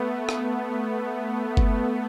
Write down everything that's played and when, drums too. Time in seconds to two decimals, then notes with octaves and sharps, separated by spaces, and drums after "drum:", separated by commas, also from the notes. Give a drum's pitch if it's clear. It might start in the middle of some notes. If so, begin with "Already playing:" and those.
Already playing: A3 B3
0.15 A3
0.29 drum: rim click
1.57 drum: kick F#1